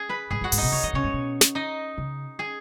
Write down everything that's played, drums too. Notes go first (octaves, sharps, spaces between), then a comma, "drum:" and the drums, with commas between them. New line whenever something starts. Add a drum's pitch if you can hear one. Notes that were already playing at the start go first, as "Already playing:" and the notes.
Already playing: G#4 G#5
B4 B5
G#2 G#4 G#5
F#2
F#4 F#5
G#2, drum: open hi-hat
B2 D#4 D#5
C#3 C#5
D#3 D#5
C#3 C#4 C#5
G#2
B2
drum: snare
D#4 D#5
C#3
G#4 G#5